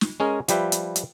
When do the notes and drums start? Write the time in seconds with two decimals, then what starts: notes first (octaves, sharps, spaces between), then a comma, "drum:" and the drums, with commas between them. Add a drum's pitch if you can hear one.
0.01 drum: snare
0.20 G#3 C#4 G#4 A#4
0.48 F3 G3 G4 B4 E5, drum: hi-hat
0.72 drum: hi-hat
0.96 drum: hi-hat